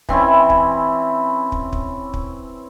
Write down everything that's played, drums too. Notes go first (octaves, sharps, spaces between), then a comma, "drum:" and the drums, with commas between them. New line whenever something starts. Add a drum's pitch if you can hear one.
E3 C4 C#4 E4, drum: kick
drum: kick
drum: kick
drum: kick
drum: kick